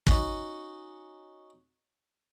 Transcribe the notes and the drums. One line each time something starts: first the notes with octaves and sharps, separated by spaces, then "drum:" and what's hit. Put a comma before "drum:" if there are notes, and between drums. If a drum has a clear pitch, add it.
C#4 D#4 F#4, drum: kick